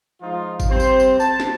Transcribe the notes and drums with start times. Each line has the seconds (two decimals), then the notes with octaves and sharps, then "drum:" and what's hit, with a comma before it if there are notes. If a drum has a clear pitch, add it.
0.22 F3 G#3 D#4 F4
0.60 drum: kick G1, tambourine
0.70 G3 C4 C5
0.80 drum: tambourine
1.00 drum: tambourine
1.20 A5, drum: tambourine
1.40 drum: snare